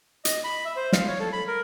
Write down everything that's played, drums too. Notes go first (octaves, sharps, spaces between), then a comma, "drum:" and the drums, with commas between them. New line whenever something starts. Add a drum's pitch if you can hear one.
D#5, drum: hi-hat
B5
E5
C5
F5, drum: snare
C#5
A4
B5
A#4